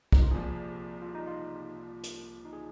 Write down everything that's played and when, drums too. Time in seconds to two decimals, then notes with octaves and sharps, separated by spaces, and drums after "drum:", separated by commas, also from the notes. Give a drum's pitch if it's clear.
0.12 D#4, drum: kick
0.22 F4
0.30 C2 A#2 F3 G#4
1.02 F4
1.15 D#4
1.27 F4
2.03 drum: hi-hat
2.45 D#4
2.53 G#4